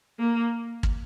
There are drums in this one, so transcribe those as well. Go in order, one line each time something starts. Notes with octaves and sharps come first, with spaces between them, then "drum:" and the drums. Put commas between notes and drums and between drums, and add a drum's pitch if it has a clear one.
A#3
drum: kick